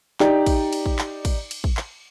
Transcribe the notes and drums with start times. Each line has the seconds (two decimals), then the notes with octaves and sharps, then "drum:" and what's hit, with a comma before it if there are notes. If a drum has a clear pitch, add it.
0.20 D#4 G4 D5, drum: clap
0.46 drum: kick, cymbal
0.73 drum: cymbal
0.86 drum: kick
0.99 drum: clap
1.25 drum: kick, cymbal
1.51 drum: cymbal
1.64 drum: kick
1.77 drum: clap